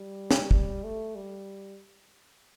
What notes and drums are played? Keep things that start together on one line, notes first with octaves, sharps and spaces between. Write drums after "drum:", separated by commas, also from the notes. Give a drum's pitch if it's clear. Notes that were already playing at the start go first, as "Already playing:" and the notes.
Already playing: G3
drum: snare
drum: kick
A3
G3